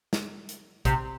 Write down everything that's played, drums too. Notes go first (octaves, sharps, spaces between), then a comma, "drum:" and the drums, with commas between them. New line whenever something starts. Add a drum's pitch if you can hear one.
drum: snare
drum: hi-hat
C3, drum: kick, hi-hat